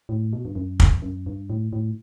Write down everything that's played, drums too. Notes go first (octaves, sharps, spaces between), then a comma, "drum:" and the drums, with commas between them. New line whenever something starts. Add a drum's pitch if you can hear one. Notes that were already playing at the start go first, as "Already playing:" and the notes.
A2
B2
G2
F#2
F2, drum: kick
F#2
G2
A2
A2